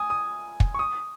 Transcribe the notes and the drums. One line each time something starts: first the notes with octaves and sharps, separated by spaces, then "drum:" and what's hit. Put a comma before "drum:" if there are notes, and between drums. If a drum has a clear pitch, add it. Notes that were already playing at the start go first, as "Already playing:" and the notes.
Already playing: G#5 D#6
D#6
drum: kick
C#6
D#6